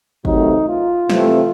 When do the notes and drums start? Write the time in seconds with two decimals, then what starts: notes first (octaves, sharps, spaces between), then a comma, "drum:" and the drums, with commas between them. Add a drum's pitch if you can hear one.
0.25 C3 D#3 F#3 A3 C4 D#4, drum: kick
0.67 F4
1.09 C3 E3 A3 C4, drum: snare